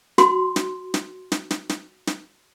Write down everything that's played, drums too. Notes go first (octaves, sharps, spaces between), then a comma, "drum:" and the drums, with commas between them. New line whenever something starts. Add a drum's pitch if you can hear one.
F#4 C6, drum: snare
drum: snare
drum: snare
drum: snare
drum: snare
drum: snare
drum: snare